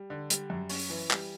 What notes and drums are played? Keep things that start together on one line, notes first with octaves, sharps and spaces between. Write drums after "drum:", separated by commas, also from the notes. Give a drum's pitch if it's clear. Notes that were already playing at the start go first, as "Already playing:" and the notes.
Already playing: G3
D3
G3, drum: hi-hat
F#2
C#4, drum: open hi-hat
E3
G3, drum: clap